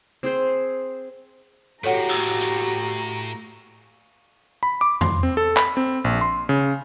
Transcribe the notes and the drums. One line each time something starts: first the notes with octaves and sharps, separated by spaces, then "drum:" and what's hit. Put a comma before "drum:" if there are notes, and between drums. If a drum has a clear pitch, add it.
C4 G#4 C5
A2 F#4 G4 A4 C#5 F#5 A#5
drum: cymbal
drum: hi-hat
B5
D6
C6, drum: tom E2
C4
A4
B5, drum: clap
C4
A#1
C6
C#3